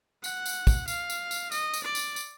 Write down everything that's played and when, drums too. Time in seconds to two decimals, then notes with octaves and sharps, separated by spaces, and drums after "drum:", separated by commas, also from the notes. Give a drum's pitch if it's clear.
0.24 F#5, drum: tambourine
0.46 drum: tambourine
0.67 drum: kick, tambourine
0.88 F5, drum: tambourine
1.10 drum: tambourine
1.31 drum: tambourine
1.52 D#5, drum: tambourine
1.74 drum: tambourine
1.84 D5
1.95 drum: tambourine
2.16 drum: tambourine